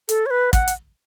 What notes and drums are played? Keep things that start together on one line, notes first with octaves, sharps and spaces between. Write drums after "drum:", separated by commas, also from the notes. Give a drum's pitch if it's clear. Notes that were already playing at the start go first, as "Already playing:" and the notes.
A4, drum: hi-hat
C#5
B4
F#5, drum: kick, hi-hat
drum: hi-hat